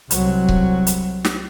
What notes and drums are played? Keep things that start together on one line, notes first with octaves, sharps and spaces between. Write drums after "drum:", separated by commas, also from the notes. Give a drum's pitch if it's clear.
C2 F#3, drum: hi-hat
drum: kick C#1
drum: hi-hat
drum: snare